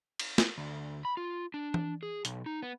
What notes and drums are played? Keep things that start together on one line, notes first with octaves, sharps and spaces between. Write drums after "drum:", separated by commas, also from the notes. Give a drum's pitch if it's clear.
drum: cymbal
drum: snare
D2
B5
F4
D4
drum: tom E3
G#4
B1, drum: hi-hat
D#4
B3